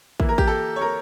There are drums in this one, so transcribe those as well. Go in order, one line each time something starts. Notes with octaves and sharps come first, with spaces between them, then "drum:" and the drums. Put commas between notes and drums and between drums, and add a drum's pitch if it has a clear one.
E3 A#3 E4, drum: kick
A#4
G4, drum: kick
A4
C#5
A#4